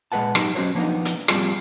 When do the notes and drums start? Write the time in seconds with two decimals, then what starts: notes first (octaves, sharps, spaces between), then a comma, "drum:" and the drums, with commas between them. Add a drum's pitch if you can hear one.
0.12 A#2 G#3 A4 B4 F#5 A5
0.35 F#3 D#4 G4, drum: rim click
0.55 F#3 C#4 F#4 C5 C#5
0.75 F3 A#3 B3 D4 D#4
1.05 drum: hi-hat
1.28 F3 G3 C4 F4 G#4, drum: rim click